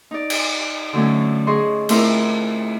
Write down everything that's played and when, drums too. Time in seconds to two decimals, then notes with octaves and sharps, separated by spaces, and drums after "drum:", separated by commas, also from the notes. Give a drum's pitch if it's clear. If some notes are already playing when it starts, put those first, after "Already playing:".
0.11 D#4 D5
0.30 drum: cymbal
0.93 D3 F#3 A3 C#4
1.47 G#4 C#5 D#5 C6
1.89 A3 C4 E4 F4 A#4, drum: cymbal